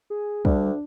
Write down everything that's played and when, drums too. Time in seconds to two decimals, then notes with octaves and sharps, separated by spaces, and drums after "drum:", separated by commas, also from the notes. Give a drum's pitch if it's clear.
0.10 G#4
0.45 D2 G3 D4, drum: kick